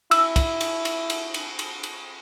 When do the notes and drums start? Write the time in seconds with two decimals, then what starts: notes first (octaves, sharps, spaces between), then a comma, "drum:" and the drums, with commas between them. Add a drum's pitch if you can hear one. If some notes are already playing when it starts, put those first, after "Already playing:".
0.11 E4 E6, drum: cymbal
0.36 drum: kick, cymbal
0.61 drum: cymbal
0.85 drum: cymbal
1.10 drum: cymbal
1.34 drum: cymbal
1.59 drum: cymbal
1.83 drum: cymbal